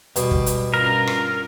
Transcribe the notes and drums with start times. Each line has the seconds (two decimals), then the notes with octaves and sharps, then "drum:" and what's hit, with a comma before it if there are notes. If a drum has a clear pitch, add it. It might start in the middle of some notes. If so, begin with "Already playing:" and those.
0.16 B2 G3, drum: hi-hat
0.31 drum: kick
0.46 drum: hi-hat
0.74 G2 C#4 F4 A#4
1.07 drum: rim click